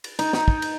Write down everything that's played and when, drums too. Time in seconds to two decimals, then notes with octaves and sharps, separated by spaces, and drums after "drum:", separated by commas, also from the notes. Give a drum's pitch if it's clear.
0.04 drum: cymbal
0.19 D#4, drum: cymbal
0.33 D#4, drum: snare
0.48 drum: kick
0.62 drum: cymbal